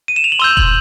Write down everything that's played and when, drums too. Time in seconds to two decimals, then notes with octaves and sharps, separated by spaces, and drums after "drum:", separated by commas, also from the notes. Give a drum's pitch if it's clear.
0.08 D#7
0.16 E7
0.24 F7
0.32 F#7
0.39 C6 E6 G6 G7
0.57 F#7, drum: kick E1